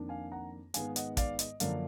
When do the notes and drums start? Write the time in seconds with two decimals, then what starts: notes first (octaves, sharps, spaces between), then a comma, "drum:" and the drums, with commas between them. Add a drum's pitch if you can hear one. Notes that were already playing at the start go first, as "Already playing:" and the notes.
Already playing: F2 D#3 A#3 D4
0.09 F5 G#5
0.32 F#5 A#5
0.74 G#2 D#3 G#3 B3 F5 G#5, drum: hi-hat
0.96 D#5 F#5, drum: hi-hat
1.17 D5 F5, drum: kick, hi-hat
1.39 D#5, drum: hi-hat
1.60 F#2 D3 F3 A#3 D4 D5 F5, drum: hi-hat